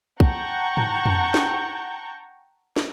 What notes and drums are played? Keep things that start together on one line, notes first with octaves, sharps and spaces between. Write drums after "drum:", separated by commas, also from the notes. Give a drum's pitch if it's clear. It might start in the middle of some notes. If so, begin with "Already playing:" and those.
F#5 G5 A5 A#5 C#6 G6, drum: kick
drum: tom G#2
drum: tom F2
drum: snare
drum: snare